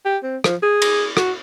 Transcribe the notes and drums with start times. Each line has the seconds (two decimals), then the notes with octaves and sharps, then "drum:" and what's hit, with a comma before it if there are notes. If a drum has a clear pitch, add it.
0.05 G4
0.23 C4
0.44 F3, drum: rim click
0.63 G#4
0.82 drum: cymbal
1.17 F#4, drum: rim click